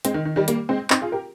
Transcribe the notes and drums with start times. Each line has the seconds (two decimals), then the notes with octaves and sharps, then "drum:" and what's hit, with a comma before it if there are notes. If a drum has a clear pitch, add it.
0.05 G#3 C4, drum: hi-hat
0.14 D#3
0.25 D#3
0.36 D#3 G3
0.48 G3 A#3, drum: hi-hat
0.69 G#3 C4
0.90 C4 D#4, drum: clap
1.02 F4 G#4
1.12 G4 A#4